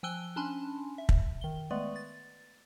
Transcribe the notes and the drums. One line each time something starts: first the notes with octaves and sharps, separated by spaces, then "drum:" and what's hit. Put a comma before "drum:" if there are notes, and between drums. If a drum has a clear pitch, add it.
F3 G5 G#5 E6 F#6 G7
C#4 D4 G#5 A5 B5 C6
E5
drum: kick
D#3 G7
G#3 A3 B3 B4 D5
A6